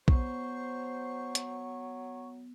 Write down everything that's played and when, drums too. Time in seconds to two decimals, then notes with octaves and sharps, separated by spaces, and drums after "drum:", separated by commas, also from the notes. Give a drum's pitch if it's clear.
0.08 F#3 B3 C5 C#6, drum: kick B1
1.35 drum: hi-hat